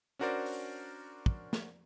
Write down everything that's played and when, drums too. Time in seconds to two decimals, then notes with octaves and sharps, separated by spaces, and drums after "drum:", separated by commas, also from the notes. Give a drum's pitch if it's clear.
0.19 C#4 D4 F#4 A#4 C5 D5
0.46 drum: open hi-hat
1.26 drum: kick
1.53 drum: snare